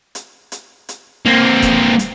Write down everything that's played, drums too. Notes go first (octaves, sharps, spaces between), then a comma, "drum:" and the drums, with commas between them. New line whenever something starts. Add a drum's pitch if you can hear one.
drum: hi-hat
drum: hi-hat
drum: hi-hat
A#3 C4
drum: kick D#1, hi-hat
drum: hi-hat